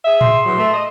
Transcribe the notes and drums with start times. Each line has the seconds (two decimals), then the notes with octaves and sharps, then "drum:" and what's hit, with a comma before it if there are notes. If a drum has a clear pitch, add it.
0.04 G#4 E5
0.21 C6, drum: tom A2
0.45 E2 F#3
0.58 A3
0.74 D#5